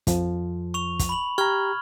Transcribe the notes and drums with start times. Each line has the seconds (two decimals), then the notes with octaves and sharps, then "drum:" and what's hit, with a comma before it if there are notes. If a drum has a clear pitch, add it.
0.07 F2 F3, drum: kick, hi-hat
0.74 C#6 F7
0.99 drum: kick, hi-hat
1.09 B5 F#7
1.38 G4 A#5 C#6 F6 G#6